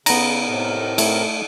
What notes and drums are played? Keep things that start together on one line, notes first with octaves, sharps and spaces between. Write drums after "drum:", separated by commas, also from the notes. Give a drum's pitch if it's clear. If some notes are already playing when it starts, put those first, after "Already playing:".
C#3 B3 A#5, drum: cymbal
A2 C3 A#4
A3 E4, drum: cymbal